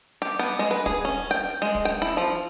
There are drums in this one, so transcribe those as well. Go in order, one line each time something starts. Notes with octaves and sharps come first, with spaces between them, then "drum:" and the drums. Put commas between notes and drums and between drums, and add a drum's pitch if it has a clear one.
G4
B3
G#3
B4
G#4, drum: kick
C#4
G5
G#3
drum: kick
G5
E4
F3